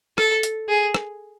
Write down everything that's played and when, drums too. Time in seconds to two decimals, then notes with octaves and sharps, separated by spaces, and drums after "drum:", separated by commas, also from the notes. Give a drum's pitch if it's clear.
0.18 A4, drum: rim click
0.43 drum: hi-hat
0.69 G#4
0.94 drum: rim click